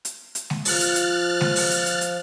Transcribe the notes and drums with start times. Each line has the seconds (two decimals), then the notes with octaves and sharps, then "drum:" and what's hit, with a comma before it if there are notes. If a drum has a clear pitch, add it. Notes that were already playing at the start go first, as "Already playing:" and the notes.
0.05 drum: hi-hat
0.35 drum: hi-hat
0.50 drum: snare G#3
0.65 F3 F6 F#6 A6, drum: open hi-hat
0.80 drum: hi-hat
0.95 drum: hi-hat
1.41 drum: snare G#3
1.56 drum: open hi-hat
1.71 drum: hi-hat
1.86 drum: hi-hat
2.01 drum: hi-hat